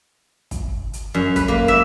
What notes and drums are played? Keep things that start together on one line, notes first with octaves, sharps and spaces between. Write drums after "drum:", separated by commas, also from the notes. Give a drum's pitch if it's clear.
drum: kick, hi-hat
drum: hi-hat
F#2
B4, drum: kick, hi-hat
A#3
E5